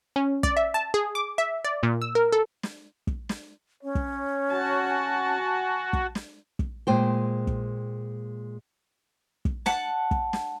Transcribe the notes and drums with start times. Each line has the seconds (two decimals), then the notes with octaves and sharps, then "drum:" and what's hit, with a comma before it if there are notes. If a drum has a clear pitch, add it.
0.16 C#4
0.43 D5, drum: kick
0.57 E5
0.74 A5
0.94 G#4
1.15 D6
1.38 E5
1.65 D5
1.83 A#2
2.02 E6
2.15 A#4
2.33 A4
2.63 drum: snare
3.07 drum: kick
3.29 drum: snare
3.83 C#4 C#5
3.95 drum: kick
4.50 F#4 A5
4.87 G#5
5.38 G#5
5.93 drum: kick
6.15 drum: snare
6.59 drum: kick
6.87 A#2 G#3 C5 G5
7.47 drum: kick
9.45 drum: kick
9.66 F#5 A5, drum: snare
10.11 drum: kick
10.33 drum: snare